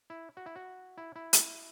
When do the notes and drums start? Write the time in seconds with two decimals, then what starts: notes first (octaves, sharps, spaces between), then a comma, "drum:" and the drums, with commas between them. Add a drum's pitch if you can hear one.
0.10 E4
0.37 F#4
0.46 E4
0.56 F#4
0.98 E4
1.16 E4
1.33 drum: hi-hat